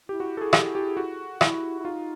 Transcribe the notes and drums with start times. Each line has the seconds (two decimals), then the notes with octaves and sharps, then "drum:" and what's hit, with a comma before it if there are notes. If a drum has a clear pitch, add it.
0.08 E4 G4
0.20 F#4
0.37 A4
0.41 G#4
0.53 G4, drum: rim click
0.75 G4
0.97 F#4
1.41 E4, drum: rim click
1.79 E4
1.85 D#4 F4